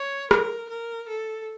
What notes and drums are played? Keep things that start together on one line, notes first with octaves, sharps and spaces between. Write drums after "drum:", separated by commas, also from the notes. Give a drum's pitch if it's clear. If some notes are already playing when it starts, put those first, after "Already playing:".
Already playing: C#5
A#4, drum: rim click
A#4
A4